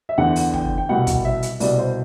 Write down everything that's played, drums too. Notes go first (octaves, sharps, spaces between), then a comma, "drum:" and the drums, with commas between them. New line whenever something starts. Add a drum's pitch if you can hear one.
E5
E2 D3 F#5
drum: open hi-hat
G5, drum: tom
G5
C2 B2 F#5
drum: kick, hi-hat
E5
drum: hi-hat
C2 B2 D5, drum: open hi-hat
C5